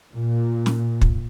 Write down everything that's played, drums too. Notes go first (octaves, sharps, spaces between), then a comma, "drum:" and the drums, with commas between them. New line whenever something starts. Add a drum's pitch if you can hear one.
A#2
drum: snare
drum: kick